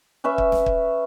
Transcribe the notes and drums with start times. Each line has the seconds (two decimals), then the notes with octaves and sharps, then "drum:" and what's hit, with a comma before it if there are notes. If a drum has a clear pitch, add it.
0.24 C#4 B4 E5
0.38 drum: kick
0.52 drum: snare
0.66 drum: kick